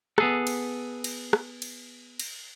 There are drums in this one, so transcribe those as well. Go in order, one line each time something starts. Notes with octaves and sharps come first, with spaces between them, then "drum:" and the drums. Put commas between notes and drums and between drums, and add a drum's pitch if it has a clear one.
B3 G#4 A4, drum: rim click
drum: cymbal
drum: cymbal
drum: rim click
drum: cymbal
drum: cymbal